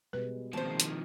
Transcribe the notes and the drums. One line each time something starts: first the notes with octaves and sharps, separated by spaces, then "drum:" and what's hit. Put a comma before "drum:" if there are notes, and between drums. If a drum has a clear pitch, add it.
B2 G3 G#3 B4
D#3 F3 G#3 A#3 C4 C5 A5
drum: hi-hat